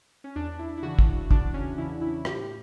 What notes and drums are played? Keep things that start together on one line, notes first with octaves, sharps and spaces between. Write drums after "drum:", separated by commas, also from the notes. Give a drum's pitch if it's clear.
C#4
E2 D4
E4
E4
C#3 E3 F#4
drum: kick
E2 D4, drum: kick
C#4
C#3 E3 E4
E4
A2 G4, drum: rim click